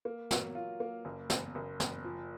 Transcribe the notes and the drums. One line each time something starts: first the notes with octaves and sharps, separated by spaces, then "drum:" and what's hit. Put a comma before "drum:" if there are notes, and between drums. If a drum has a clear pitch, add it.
A#3
F#3, drum: snare
F4
A#3
F#1
F#1, drum: snare
F#1
F#1, drum: snare
F3